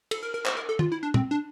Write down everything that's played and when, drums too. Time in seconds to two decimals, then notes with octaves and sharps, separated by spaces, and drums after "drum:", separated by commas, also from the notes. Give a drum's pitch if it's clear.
0.11 A4, drum: cymbal
0.23 A#4
0.34 A#4
0.46 C5, drum: clap
0.57 A#4
0.69 A4
0.79 F4, drum: tom
0.92 E4
1.03 D4
1.14 C4, drum: tom
1.31 D4